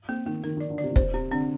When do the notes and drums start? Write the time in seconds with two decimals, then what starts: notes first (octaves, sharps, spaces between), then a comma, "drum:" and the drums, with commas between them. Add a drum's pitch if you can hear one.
0.08 A#3 C4
0.26 D#3 A#3
0.43 D#3 A#4
0.57 D#3
0.60 D5
0.70 D3
0.78 D5
0.84 C3
0.91 A#2
0.96 C3 C5, drum: kick
1.14 C3 C4
1.31 D3 C4